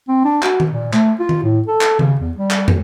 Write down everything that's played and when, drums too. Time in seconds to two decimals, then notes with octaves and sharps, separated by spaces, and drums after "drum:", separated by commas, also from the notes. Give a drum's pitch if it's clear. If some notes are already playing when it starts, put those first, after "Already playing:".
0.08 C4
0.24 D4
0.43 F#4, drum: clap
0.60 drum: tom D#3
0.71 A#2
0.93 A3, drum: clap
1.19 F4
1.29 drum: tom D#3
1.43 A2
1.67 A4
1.81 drum: clap
1.99 C#3, drum: tom D#3
2.21 E2
2.37 G3
2.51 drum: clap
2.68 drum: tom